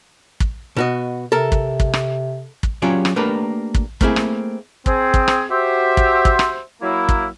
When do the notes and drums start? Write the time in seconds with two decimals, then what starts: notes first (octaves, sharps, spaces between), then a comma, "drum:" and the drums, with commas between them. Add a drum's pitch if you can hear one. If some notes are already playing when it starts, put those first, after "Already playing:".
0.40 drum: kick
0.77 B2 F#4 D#5
1.32 C3 A4 A#4
1.52 drum: kick
1.80 drum: kick
1.93 drum: rim click
2.63 drum: kick
2.82 F#3 C#4 F4 G4 G#4 D5
3.05 drum: rim click
3.16 A3 A#3 D4 G4 A#4 B4
3.74 drum: kick
4.01 A3 A#3 C4 E4 G#4, drum: kick
4.16 drum: rim click
4.86 C4 G#4, drum: kick
5.14 drum: kick
5.28 drum: rim click
5.50 F#4 G4 C5 E5
5.97 drum: kick
6.25 drum: kick
6.39 drum: rim click
6.82 F#3 A#3 E4
7.09 drum: kick